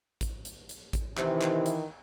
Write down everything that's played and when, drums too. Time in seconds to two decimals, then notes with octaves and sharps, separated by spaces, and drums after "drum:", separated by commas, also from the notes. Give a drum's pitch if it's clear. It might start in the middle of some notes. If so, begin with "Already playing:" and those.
0.21 drum: kick A1, hi-hat
0.45 drum: hi-hat
0.69 drum: hi-hat
0.93 drum: kick A1, hi-hat
1.17 C3 D#3 E3, drum: clap
1.42 drum: clap
1.66 drum: hi-hat